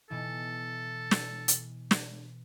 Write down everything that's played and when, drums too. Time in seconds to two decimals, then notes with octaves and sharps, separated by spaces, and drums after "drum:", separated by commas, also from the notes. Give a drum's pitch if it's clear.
0.10 B2 E3 A4
1.11 drum: snare
1.48 drum: hi-hat
1.91 drum: snare